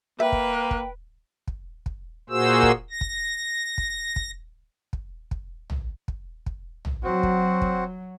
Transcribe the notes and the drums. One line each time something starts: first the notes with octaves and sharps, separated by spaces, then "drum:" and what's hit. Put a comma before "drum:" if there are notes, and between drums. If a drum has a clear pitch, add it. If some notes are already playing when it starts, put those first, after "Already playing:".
A#3 B4 E5 G5
drum: kick
drum: kick
drum: kick
drum: kick
A#2 A#3 F#4 G#4 C5 E6
drum: kick
A#6
drum: kick
drum: kick
drum: kick
drum: kick
drum: kick
drum: tom A#1
drum: kick
drum: kick
drum: tom A#1
F#3 C4 F#4
drum: kick
drum: kick